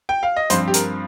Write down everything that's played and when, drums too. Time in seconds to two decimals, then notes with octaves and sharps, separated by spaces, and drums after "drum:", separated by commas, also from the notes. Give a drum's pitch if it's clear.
0.09 G5
0.23 F5
0.36 D#5
0.50 G2 F3 C4 C5, drum: hi-hat
0.68 G4
0.74 A#4, drum: hi-hat